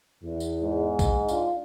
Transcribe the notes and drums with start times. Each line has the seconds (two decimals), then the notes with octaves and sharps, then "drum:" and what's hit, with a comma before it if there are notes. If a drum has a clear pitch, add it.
0.24 E2
0.40 drum: tambourine
0.63 G#2
0.99 drum: kick B1, tambourine
1.29 D4 F4, drum: tambourine